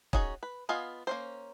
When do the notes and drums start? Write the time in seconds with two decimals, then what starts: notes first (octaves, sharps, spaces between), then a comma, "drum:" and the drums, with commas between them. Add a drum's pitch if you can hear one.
0.13 C#4 D#4 F#4 G#4 C#5, drum: kick
0.43 B4
0.69 B3 F4 D#5 F5 G#5
1.07 A#3 C#4 C5